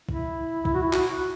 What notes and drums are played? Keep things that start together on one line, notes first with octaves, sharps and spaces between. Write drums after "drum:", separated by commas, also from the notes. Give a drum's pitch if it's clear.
E4, drum: kick
E4, drum: kick
F#4
E4
F#4, drum: clap